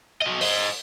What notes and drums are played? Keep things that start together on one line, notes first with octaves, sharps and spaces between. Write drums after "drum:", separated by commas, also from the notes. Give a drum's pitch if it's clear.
F#3 D#5
C5 D#5, drum: open hi-hat